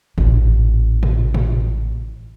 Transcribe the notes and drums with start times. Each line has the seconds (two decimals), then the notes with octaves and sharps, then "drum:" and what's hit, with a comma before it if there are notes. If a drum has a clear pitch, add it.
0.18 A1 A#2, drum: tom
1.03 drum: tom
1.34 drum: tom